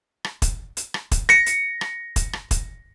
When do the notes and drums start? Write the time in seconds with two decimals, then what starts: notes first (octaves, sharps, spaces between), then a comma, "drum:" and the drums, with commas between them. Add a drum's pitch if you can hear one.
0.24 drum: rim click
0.42 drum: kick, hi-hat
0.77 drum: hi-hat
0.94 drum: rim click
1.11 drum: kick, hi-hat
1.29 A#6 C#7, drum: rim click
1.46 drum: hi-hat
1.81 drum: rim click
2.16 drum: kick, hi-hat
2.33 drum: rim click
2.51 drum: kick, hi-hat